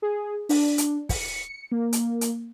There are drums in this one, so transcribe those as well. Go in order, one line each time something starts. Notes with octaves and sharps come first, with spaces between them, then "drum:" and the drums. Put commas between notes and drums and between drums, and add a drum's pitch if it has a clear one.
G#4
D4, drum: open hi-hat
drum: hi-hat
C#7, drum: kick, open hi-hat
A#3
drum: hi-hat
drum: hi-hat